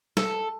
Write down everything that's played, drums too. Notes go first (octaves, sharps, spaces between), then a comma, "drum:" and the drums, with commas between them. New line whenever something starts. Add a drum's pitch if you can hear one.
A4, drum: snare